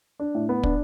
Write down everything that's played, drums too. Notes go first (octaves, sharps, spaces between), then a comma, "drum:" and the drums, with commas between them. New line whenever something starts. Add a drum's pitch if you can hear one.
D4
A2
B3
D4, drum: kick